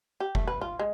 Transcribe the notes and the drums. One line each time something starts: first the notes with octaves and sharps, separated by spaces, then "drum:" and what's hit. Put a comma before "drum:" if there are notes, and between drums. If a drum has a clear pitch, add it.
G4
A3, drum: kick F1
B4
F4
G#3